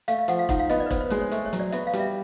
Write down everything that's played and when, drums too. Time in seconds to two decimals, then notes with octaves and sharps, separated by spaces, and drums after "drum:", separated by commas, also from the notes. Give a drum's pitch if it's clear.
0.08 A3 F5, drum: hi-hat
0.19 F5
0.28 F3 F#5, drum: hi-hat
0.39 F5
0.49 D#4 F#5, drum: kick E1, hi-hat
0.59 F5
0.69 B3 D#5, drum: hi-hat
0.80 D5
0.86 B4
0.91 B3 C5, drum: kick E1, hi-hat
1.01 C5
1.10 G#3 C#5, drum: hi-hat
1.21 C#5
1.32 A3 C5, drum: hi-hat
1.46 C#5
1.53 F#3, drum: hi-hat
1.60 D5
1.72 B3 E5, drum: hi-hat
1.87 F5
1.93 G3, drum: hi-hat
2.00 E5